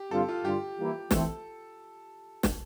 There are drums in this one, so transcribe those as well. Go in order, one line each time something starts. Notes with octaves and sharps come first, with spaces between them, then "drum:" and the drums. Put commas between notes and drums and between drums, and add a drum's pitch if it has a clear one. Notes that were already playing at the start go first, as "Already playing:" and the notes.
Already playing: G4
G2 D3 G3 C4 F4 A4
F4
G2 D3 G3 D4 F4 G4
E3 G3 A#3 E4
E3 A3 C4 A4, drum: snare
drum: snare